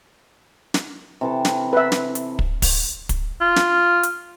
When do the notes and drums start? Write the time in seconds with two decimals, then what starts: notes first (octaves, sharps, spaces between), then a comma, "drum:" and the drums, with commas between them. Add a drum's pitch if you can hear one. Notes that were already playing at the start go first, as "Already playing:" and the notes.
0.74 drum: snare
1.21 C3 E3 A4
1.45 drum: snare
1.73 B4 E5
1.92 drum: snare
2.15 drum: hi-hat
2.39 drum: kick
2.62 drum: kick, open hi-hat
3.09 drum: kick, hi-hat
3.41 F4
3.56 drum: snare
4.03 drum: hi-hat